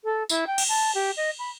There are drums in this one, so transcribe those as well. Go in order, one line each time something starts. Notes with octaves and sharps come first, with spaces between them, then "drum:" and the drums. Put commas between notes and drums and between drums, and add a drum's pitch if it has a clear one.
A4
E4, drum: tambourine
G5
drum: cymbal
A5
G4
D#5
B5